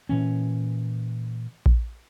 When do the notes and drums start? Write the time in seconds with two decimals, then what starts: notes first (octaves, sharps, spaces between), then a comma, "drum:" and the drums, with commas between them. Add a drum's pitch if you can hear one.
0.09 A#2 E3 C#4
1.66 drum: kick A#1